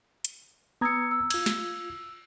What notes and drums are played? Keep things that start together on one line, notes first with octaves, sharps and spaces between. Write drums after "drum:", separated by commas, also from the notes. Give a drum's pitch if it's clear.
drum: hi-hat
B3 A#5 D#6 E6 G#6 C#7
E6
F4 G#6, drum: cymbal
drum: snare